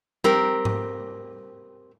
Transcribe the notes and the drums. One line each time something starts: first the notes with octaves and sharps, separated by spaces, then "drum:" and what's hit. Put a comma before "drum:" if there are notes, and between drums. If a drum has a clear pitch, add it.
C4 G4 A#4, drum: tom G3
drum: tom G#2